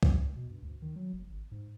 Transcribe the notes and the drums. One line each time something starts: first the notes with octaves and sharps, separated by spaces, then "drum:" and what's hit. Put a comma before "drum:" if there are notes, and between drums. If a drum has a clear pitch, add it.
B1, drum: kick
C#2
B2
G2
D2
D#3
F#3
F#1
G#1
G#2